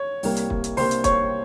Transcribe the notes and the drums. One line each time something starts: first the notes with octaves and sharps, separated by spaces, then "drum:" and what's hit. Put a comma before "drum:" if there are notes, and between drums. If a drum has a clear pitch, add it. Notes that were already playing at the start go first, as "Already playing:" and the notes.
Already playing: C#5
C2 C3 G3 A#3, drum: open hi-hat
drum: hi-hat
drum: kick
drum: hi-hat
C2 C3 G3 A#3 C5 C6, drum: open hi-hat
drum: hi-hat
C#5 C#6, drum: kick, hi-hat